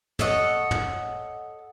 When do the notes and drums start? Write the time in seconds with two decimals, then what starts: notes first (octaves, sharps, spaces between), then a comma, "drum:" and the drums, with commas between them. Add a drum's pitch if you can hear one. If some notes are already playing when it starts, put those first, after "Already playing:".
0.19 A4 C#5 D#5 F#5, drum: tom
0.71 drum: tom